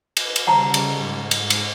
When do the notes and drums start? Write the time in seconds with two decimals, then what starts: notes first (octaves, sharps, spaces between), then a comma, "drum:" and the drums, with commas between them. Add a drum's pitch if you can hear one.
0.17 B4, drum: cymbal
0.36 drum: cymbal
0.47 C#3 G3 F#5 A5 A#5 C#6
0.74 drum: cymbal
0.98 G#2
1.31 drum: cymbal
1.50 drum: cymbal